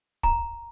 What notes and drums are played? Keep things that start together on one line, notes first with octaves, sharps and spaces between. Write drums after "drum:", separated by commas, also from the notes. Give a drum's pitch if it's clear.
A#5, drum: kick